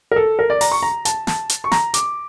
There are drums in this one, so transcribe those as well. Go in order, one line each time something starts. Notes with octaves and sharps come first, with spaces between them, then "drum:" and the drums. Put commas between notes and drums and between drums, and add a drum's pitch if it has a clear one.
A#4
A4
A#4
D5
A#5, drum: open hi-hat
C#6
A#5
A5, drum: hi-hat
A5, drum: snare
drum: hi-hat
C#6
A#5, drum: snare
D6, drum: hi-hat